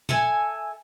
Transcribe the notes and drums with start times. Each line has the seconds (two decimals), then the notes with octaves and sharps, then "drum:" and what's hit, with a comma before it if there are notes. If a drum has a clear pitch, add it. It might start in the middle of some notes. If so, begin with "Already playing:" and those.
0.09 A4 E5 G#5, drum: tom A#2